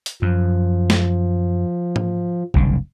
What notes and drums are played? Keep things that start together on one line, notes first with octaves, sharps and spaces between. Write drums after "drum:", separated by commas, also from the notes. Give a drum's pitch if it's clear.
drum: hi-hat
F#2 F3
drum: snare
drum: tom G#2
F#1 C2 D3, drum: kick